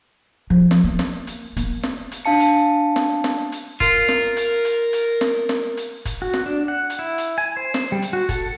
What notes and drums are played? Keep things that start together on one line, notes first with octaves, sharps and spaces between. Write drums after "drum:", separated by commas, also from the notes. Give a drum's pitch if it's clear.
F3
drum: snare
A#3
drum: snare
drum: hi-hat
A#3, drum: kick, hi-hat
drum: snare
drum: hi-hat
D4 F5 A5 C#7
drum: hi-hat
drum: snare
drum: snare
drum: hi-hat
F4 A#4, drum: kick, hi-hat
drum: snare
drum: hi-hat
drum: hi-hat
drum: hi-hat
drum: snare
drum: snare
drum: hi-hat
drum: kick, hi-hat
F#4
drum: snare
D4
F#5
drum: hi-hat
E4
drum: hi-hat
G#5
C5
drum: snare
G3
drum: hi-hat
F#4
A4, drum: kick, hi-hat